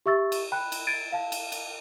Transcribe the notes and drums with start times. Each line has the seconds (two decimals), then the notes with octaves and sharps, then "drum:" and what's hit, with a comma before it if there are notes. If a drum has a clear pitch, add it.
0.06 G4 E5 C#6 E6 A6
0.32 drum: cymbal
0.52 G5 B5 F#6
0.72 drum: cymbal
0.87 G#6 A6 D7 D#7
1.12 F5 A5
1.32 drum: cymbal
1.52 drum: cymbal